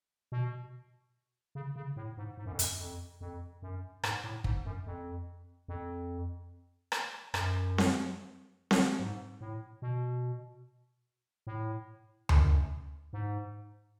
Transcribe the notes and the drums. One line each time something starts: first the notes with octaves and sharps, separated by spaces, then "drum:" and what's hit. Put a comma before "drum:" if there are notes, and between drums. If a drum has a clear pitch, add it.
B2
C#3
C#3
A2
G#2
G#2
F#2
F2
F#2, drum: hi-hat
F2
F2
F#2
G#2, drum: rim click
A2
G#2, drum: kick
F#2
F2
F2
drum: rim click
F#2, drum: rim click
drum: snare C4
drum: snare C4
G#2
A2
B2
A2
F#2, drum: tom D2
G#2